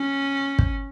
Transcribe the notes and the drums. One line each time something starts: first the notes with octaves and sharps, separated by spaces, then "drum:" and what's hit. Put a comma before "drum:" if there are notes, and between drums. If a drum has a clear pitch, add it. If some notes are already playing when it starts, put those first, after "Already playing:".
Already playing: C#4
drum: kick